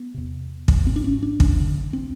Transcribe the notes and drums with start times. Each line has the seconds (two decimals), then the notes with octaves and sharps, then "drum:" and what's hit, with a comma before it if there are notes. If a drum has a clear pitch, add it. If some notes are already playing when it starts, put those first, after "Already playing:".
Already playing: B3
0.14 E2 C3
0.68 drum: kick
0.86 G#2 C4
0.96 D4
1.04 C#4
1.23 D4
1.40 drum: kick
1.58 F2 D3
1.93 C4